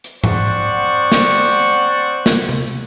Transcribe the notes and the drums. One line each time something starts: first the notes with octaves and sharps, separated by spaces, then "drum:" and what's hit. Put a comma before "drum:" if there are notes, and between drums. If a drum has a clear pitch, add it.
drum: hi-hat
C4 C5 D5 F#5 C#6, drum: tom G#2
drum: snare
drum: snare
drum: tom C3